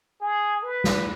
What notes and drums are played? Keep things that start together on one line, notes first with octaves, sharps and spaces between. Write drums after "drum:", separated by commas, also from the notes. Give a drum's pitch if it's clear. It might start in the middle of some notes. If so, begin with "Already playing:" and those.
G#4
B4
drum: snare